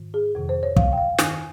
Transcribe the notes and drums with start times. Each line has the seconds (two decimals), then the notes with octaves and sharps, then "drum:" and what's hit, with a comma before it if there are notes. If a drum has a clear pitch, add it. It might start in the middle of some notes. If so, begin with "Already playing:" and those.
Already playing: G#2 D#3
0.14 G#4
0.35 F2 C3 D#3
0.49 C5
0.63 C#5
0.77 F5, drum: kick
0.93 G5
0.98 F5
1.19 G2 D#3 G#5, drum: snare